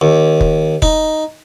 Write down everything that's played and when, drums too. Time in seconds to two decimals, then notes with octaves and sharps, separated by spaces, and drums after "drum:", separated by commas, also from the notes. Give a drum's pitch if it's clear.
0.01 D#2
0.41 drum: kick F1
0.82 D#4, drum: kick F1